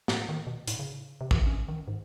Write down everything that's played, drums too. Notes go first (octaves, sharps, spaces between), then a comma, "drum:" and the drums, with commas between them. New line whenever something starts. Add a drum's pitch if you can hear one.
A2, drum: snare
D#3
B2
A2, drum: hi-hat
C#3
C3
drum: kick
C#4
D#3
G#2